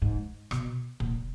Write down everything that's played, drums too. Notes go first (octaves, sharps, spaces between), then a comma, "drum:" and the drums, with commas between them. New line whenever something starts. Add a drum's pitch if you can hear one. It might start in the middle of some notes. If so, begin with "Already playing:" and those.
G#2
B2, drum: rim click
A#2, drum: kick